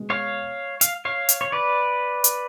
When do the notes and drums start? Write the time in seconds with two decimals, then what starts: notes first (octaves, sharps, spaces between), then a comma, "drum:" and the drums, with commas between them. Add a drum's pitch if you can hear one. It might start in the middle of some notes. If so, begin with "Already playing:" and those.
Already playing: B2 G#3 B3
0.10 C#5 F5
0.81 F5, drum: hi-hat
1.05 C#5 F5
1.29 drum: hi-hat
1.41 C#5
1.52 B4 D5
2.24 drum: hi-hat